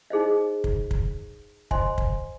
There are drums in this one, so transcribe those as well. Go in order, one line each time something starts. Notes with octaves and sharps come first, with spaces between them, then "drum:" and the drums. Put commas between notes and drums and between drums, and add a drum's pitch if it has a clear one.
D#4 G#4 C5 D#5
drum: kick
drum: kick
C5 D#5 G#5 C6, drum: kick
drum: kick